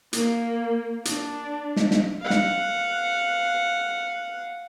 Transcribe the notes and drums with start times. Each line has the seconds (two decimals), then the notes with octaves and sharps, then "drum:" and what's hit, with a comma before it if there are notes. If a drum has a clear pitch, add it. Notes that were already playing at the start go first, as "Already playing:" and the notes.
0.13 A#3, drum: hi-hat
1.05 D4, drum: hi-hat
1.76 drum: snare
1.91 drum: snare
2.21 F5 F#5
2.30 drum: snare